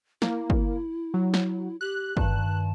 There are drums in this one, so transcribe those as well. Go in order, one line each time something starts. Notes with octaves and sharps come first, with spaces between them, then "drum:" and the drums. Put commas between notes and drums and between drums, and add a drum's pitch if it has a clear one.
A#3 E4, drum: snare
drum: kick
F#3
drum: snare
G4 F#6
G2 D#3 A5, drum: kick